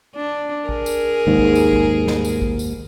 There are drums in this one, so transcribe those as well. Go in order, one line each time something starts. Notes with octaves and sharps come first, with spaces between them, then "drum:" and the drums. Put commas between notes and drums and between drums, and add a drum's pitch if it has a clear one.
D4
G#4 A#4, drum: kick
drum: tambourine
D#2 G#2
drum: kick
drum: tambourine
drum: kick
drum: snare
drum: tambourine
drum: kick
drum: tambourine